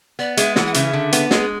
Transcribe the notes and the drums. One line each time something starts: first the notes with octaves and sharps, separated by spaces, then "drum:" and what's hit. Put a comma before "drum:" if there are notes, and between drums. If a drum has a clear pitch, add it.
B3 D5
G#3 E5, drum: hi-hat
E3 F#5, drum: snare
F#5
C#3 E5, drum: hi-hat
D3
B3, drum: hi-hat
G#3 F#4, drum: snare
G#4